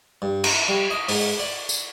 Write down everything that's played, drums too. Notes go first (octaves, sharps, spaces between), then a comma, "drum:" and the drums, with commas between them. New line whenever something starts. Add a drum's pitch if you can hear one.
G2
A#5, drum: cymbal
G3
D#5
G#2, drum: open hi-hat
D5
drum: tambourine